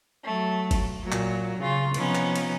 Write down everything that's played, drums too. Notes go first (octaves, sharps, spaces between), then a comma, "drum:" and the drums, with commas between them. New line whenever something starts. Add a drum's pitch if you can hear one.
F#3 A3
drum: kick G1, cymbal
A#2 F#3
drum: clap
C#3 F4
C3 F3 B3 C#4 D#4, drum: cymbal
drum: clap
drum: cymbal